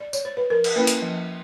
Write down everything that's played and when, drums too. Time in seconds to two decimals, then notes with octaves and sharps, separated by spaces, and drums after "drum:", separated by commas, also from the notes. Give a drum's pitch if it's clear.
0.00 D5
0.13 C#5, drum: tambourine
0.25 C5
0.37 B4
0.50 F3 A#4
0.64 drum: cymbal
0.76 A#3 C#4 E4 B4
0.87 drum: hi-hat
1.02 F3